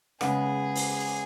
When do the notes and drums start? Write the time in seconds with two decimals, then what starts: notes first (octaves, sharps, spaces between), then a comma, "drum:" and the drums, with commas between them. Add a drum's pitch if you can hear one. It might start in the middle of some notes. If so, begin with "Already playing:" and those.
0.21 C#3 G#3 B3 G#4, drum: rim click
0.76 drum: open hi-hat